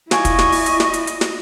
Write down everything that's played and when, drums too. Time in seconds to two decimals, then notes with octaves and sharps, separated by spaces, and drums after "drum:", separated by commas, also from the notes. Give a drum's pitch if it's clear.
0.11 E4 F4 D5 D#5 G#5 C#6, drum: snare
0.25 drum: kick, hi-hat
0.39 drum: snare
0.52 drum: open hi-hat
0.66 drum: hi-hat
0.80 drum: snare
0.94 drum: hi-hat
1.07 drum: hi-hat
1.21 drum: snare